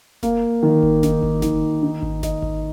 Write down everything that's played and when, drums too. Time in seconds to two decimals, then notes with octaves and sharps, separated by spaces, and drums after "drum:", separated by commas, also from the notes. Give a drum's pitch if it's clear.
0.23 A#3, drum: snare F#1
0.63 D#3
0.83 drum: kick G#1
1.03 D#4, drum: snare F#1
1.23 drum: kick G#1
1.42 D#3, drum: snare F#1
1.83 D#4
2.02 drum: kick G#1
2.23 D#5, drum: snare F#1
2.42 drum: kick G#1